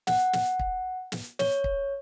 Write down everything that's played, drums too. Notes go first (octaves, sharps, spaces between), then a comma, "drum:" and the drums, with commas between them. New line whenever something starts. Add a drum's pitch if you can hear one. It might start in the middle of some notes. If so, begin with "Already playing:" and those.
F#5, drum: snare
drum: snare
drum: kick
drum: snare
C#5, drum: snare
drum: kick